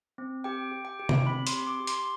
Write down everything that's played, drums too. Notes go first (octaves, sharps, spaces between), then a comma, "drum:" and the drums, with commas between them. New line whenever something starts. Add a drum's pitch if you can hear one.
C4
G4 G5
G4
G5
G4
drum: tom
C4 B5
C6, drum: hi-hat
G4
D6
G4
C6, drum: hi-hat